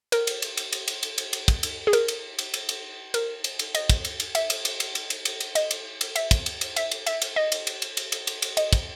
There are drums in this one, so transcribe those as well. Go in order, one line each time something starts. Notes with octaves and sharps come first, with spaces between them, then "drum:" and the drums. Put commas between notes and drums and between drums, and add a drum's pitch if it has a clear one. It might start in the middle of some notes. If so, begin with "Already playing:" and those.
A#4, drum: cymbal
drum: cymbal
drum: cymbal
drum: cymbal
drum: cymbal
drum: cymbal
drum: cymbal
drum: cymbal
drum: cymbal
drum: kick, cymbal
drum: cymbal
G#4
A#4, drum: cymbal
drum: cymbal
drum: cymbal
drum: cymbal
drum: cymbal
A#4, drum: cymbal
drum: cymbal
drum: cymbal
D#5, drum: cymbal
drum: kick, cymbal
drum: cymbal
drum: cymbal
E5, drum: cymbal
drum: cymbal
drum: cymbal
drum: cymbal
drum: cymbal
drum: cymbal
drum: cymbal
drum: cymbal
D#5, drum: cymbal
drum: cymbal
drum: cymbal
E5, drum: cymbal
drum: kick, cymbal
drum: cymbal
drum: cymbal
E5, drum: cymbal
drum: cymbal
E5, drum: cymbal
drum: cymbal
D#5
drum: cymbal
drum: cymbal
drum: cymbal
drum: cymbal
drum: cymbal
drum: cymbal
drum: cymbal
D#5, drum: cymbal
drum: kick, cymbal